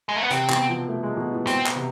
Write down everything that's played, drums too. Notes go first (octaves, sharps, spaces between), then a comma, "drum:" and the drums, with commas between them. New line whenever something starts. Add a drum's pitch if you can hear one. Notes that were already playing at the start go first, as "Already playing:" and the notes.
G#3
A3
B3
C3 C4, drum: hi-hat
B2, drum: clap
F3
A3
G#3
B2
A2
B2 C4, drum: hi-hat
drum: clap
C3